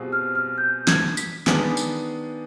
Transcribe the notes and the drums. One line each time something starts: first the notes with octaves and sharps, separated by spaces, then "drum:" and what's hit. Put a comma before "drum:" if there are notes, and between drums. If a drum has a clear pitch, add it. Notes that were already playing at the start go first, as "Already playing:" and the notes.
Already playing: B2 G3 C4 F4 G#4
F6
F6
G6
G#6, drum: snare
B6, drum: tambourine
D#3 B3 D4 G#4, drum: snare
drum: tambourine